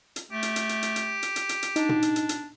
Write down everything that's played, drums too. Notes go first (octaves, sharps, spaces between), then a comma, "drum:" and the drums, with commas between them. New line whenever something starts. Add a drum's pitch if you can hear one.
drum: hi-hat
A3 G4
drum: hi-hat
drum: hi-hat
drum: hi-hat
drum: hi-hat
drum: hi-hat
drum: hi-hat
drum: hi-hat
drum: hi-hat
drum: hi-hat
D4 D#4, drum: hi-hat
drum: tom
drum: hi-hat
drum: hi-hat
drum: hi-hat